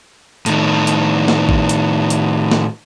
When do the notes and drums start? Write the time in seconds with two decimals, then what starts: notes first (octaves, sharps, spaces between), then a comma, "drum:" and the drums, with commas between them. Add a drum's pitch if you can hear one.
0.46 A2 D#3, drum: hi-hat
0.87 drum: hi-hat
1.28 drum: snare
1.49 drum: kick
1.69 drum: hi-hat
2.10 drum: hi-hat
2.51 drum: snare